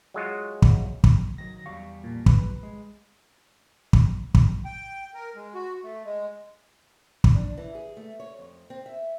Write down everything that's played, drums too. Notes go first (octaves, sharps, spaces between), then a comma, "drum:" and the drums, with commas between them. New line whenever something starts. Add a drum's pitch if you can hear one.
F#3 G#3 F4 F#4
drum: kick
drum: kick
D#3 F#3 A#6
E2 G3 F5 C#6
A#1 A#2
B4, drum: kick
G#3
drum: kick
drum: kick
G5
A#4
G#3
F#4
A3
G#3
drum: kick
D4
E3
G#4
A3
C#5
F2
C4
E5